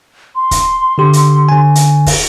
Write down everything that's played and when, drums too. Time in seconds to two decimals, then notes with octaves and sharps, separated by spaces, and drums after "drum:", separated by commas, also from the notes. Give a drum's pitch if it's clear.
0.36 C6
0.51 drum: kick, hi-hat
0.98 D3 G4
1.13 drum: hi-hat
1.49 D3 G#5
1.75 drum: hi-hat
2.06 drum: kick, open hi-hat